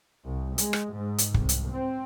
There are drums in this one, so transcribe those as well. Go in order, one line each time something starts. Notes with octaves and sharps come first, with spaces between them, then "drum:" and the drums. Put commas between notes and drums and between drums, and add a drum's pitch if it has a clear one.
C2
G#3, drum: hi-hat
drum: rim click
G#2
drum: hi-hat
C2, drum: kick
drum: hi-hat
C4